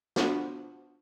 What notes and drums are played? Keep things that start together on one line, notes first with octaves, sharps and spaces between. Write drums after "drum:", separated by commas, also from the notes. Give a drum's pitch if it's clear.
B3 D4 F4 F#4 C5, drum: snare